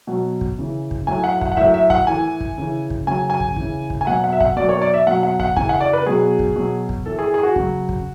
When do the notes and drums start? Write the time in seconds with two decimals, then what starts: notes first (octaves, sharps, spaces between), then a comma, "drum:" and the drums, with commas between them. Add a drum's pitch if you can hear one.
0.07 B2 F#3
0.41 drum: kick
0.58 C#3 E3
0.91 drum: kick
1.07 A2 F#3 G#5
1.24 F#5
1.41 F#5, drum: kick
1.52 F#5
1.57 A2 F#3 E5, drum: kick
1.74 E5
1.90 F#5, drum: kick
2.07 A2 E3 G#5
2.40 drum: kick
2.58 C#3 E3
2.90 drum: kick
3.07 C#3 F#3 G#5
3.30 G#5
3.40 drum: kick
3.56 C#3 E3, drum: kick
3.90 drum: kick
4.01 G#5
4.07 B2 F#3 F#5
4.24 F#5
4.33 E5
4.40 F#5, drum: kick
4.56 B2 F#3 D5
4.69 C#5
4.82 D5
4.94 E5
5.07 B2 F#3 F#5
5.23 F#5
5.40 F#5, drum: kick
5.57 C#3 E3 G#5, drum: kick
5.69 F#5
5.81 D5
5.93 B4
6.06 B2 F#3 G#4
6.39 drum: kick
6.56 B2 F#3
6.89 drum: kick
7.06 A2 E3 A4
7.19 G#4
7.34 G#4
7.43 F#4
7.56 C#3 F#3, drum: kick
7.89 drum: kick